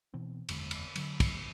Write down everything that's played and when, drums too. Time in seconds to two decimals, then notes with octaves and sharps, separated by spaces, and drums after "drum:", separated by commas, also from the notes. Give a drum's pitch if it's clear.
0.14 B2 E3 C4
0.49 F#1 E2 D3 G#3, drum: cymbal
0.71 drum: cymbal
0.96 D3 F#3, drum: cymbal
1.20 drum: kick, cymbal